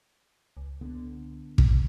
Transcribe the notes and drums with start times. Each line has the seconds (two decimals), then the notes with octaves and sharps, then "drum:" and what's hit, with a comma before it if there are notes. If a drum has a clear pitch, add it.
0.57 C#2
0.81 D3 B3
1.58 drum: kick
1.70 F1